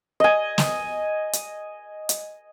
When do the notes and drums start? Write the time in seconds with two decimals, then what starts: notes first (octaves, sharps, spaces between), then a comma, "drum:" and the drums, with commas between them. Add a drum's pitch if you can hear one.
0.20 D#5 G#5
0.58 drum: snare
1.33 drum: hi-hat
2.09 drum: hi-hat